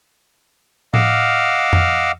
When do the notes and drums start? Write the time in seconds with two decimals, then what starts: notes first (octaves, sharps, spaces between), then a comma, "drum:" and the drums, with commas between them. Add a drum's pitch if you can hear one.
0.94 D#5 F5 F#5 D6 E6 F6, drum: tom A2
1.73 drum: tom F2